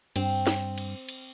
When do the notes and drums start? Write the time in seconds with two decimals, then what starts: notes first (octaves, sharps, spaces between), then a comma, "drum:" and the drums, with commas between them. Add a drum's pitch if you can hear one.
0.16 G2 C4, drum: cymbal
0.47 drum: snare
0.78 drum: cymbal
1.09 drum: cymbal